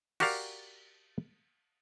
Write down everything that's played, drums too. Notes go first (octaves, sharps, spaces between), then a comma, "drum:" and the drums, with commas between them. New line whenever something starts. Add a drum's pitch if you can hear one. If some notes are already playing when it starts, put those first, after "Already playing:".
F#4 G4 A#4 D5 F5, drum: cymbal